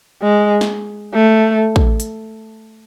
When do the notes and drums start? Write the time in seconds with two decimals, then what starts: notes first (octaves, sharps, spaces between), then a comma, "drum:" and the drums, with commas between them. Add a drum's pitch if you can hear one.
0.22 G#3
0.61 drum: snare
1.14 A3
1.76 drum: kick
2.00 drum: hi-hat